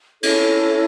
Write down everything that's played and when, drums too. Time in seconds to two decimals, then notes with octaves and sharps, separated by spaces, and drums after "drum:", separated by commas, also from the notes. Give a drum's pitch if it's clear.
0.23 C#4 E4 A4 C#5, drum: cymbal